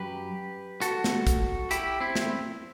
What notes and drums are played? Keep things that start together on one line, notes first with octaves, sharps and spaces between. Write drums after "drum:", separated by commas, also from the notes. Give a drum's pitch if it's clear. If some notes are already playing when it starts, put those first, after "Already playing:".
Already playing: F#2 F#3 G4 B4
F#4 A4, drum: hi-hat
drum: snare
drum: kick, hi-hat
E4 G4, drum: hi-hat
C4 E4
drum: snare